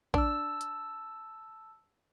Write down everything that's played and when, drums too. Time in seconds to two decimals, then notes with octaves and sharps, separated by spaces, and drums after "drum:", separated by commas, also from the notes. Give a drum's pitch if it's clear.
0.14 D4 A5 E6, drum: kick
0.61 drum: hi-hat